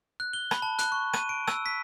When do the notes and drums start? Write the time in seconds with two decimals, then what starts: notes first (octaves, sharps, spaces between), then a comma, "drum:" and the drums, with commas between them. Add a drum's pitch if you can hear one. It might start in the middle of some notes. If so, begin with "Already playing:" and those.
0.20 F#6
0.33 G7
0.51 B5, drum: rim click
0.62 A5
0.79 F#6, drum: hi-hat
0.92 C#6
1.13 D#7, drum: rim click
1.29 D7
1.47 E6, drum: rim click
1.66 B6